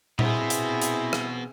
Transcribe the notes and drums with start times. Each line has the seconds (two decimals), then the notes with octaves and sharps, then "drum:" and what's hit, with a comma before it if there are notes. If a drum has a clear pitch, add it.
0.19 B2 B3 C4 E4 G#4, drum: tom A#2
0.50 drum: hi-hat
0.82 drum: hi-hat
1.13 drum: rim click